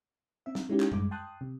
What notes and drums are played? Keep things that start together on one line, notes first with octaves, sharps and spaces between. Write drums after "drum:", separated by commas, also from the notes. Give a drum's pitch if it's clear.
C4 E5
drum: snare
G#3 C#4 D#4 E4 G4
drum: clap
A1 G2 G#3 D6, drum: tom F#2
G5 A5 C6 D#6 F#6
C3